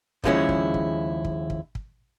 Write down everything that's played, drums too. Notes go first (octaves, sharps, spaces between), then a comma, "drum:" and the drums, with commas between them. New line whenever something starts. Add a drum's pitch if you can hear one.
D#2 C#3 F3 G#3 C#4 E4, drum: kick
drum: kick
drum: kick
drum: kick
drum: kick
drum: kick